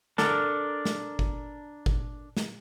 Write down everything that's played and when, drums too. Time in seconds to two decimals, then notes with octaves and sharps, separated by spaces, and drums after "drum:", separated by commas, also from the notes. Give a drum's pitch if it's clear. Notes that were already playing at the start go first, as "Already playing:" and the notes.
0.18 D4 A4 A#4, drum: snare
0.85 drum: snare
1.19 drum: kick G1
1.86 drum: kick G1
2.37 drum: snare